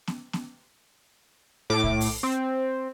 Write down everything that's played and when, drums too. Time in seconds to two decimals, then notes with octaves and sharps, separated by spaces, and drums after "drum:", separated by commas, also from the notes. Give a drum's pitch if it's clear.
0.07 drum: snare B3
0.33 drum: snare B3
1.70 A2 D6
1.84 drum: kick B1
2.01 drum: open hi-hat
2.23 C4